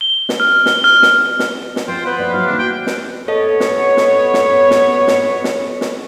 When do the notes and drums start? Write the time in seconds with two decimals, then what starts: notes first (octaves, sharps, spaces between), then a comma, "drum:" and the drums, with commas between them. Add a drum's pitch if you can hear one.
0.01 G7
0.29 drum: snare
0.40 F6
0.66 drum: snare
0.84 F6
1.03 drum: snare
1.39 drum: snare
1.76 drum: snare
1.88 F3 F4 C5 G5
2.05 B3 B4 C5
2.19 A3 E4 D5
2.33 F#3 D4 E4 F5
2.46 D#3 A#3 C4 D4
2.58 A3 F#4 G5
2.87 drum: snare
3.28 B3 A4 C#5 D#5
3.60 drum: snare
3.97 drum: snare
4.34 drum: snare
4.71 drum: snare
5.07 drum: snare
5.44 drum: snare
5.81 drum: snare